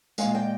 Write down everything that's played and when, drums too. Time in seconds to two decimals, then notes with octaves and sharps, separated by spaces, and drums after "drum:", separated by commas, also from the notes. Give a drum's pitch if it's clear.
0.18 A#2 G#3 F5 G#5, drum: tambourine
0.34 D#5 G5